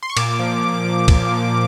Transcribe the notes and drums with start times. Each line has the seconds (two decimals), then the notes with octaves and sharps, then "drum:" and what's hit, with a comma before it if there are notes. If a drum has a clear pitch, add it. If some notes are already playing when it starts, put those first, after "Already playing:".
0.03 C6
0.10 C#6
0.17 A#2 D6, drum: cymbal
0.40 F3
0.63 F3
0.85 F3
1.08 A#2, drum: kick, cymbal
1.31 A#2